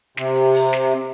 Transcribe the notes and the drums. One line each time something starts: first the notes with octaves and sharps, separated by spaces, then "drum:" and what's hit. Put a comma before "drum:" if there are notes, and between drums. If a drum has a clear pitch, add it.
C3, drum: snare
drum: hi-hat
drum: open hi-hat
drum: snare
drum: hi-hat